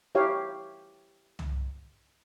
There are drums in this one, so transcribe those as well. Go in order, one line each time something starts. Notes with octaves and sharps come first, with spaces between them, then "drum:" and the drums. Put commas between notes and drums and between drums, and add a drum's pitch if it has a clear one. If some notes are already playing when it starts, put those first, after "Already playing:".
E4 G4 C#5 F5
drum: tom